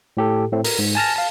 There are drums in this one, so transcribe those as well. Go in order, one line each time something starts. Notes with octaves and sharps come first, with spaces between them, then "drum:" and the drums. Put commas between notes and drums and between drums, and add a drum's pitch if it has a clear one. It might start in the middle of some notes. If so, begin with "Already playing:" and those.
A2 G4 A4
A2 A3 C4
A#4, drum: open hi-hat
G#2
G#5 A5 F6 A#6
F5 A5